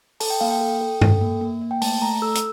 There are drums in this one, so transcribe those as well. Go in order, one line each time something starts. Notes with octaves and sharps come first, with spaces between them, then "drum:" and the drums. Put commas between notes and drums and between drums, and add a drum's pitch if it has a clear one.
A4 A5, drum: open hi-hat
G5
A#3 F5
G5
A4
A4
A4, drum: tom G2
A#3
A#3
A#3
G5
A3 A5, drum: open hi-hat
A3 A#5
A4 E6
drum: hi-hat